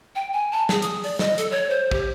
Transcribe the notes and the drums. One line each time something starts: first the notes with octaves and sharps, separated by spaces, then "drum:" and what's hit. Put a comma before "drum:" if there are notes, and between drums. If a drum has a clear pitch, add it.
G5
G#5
A5
G#4, drum: snare
D#6, drum: hi-hat
D5, drum: open hi-hat
D#5, drum: snare
A4, drum: hi-hat
C#5
C5
G4, drum: kick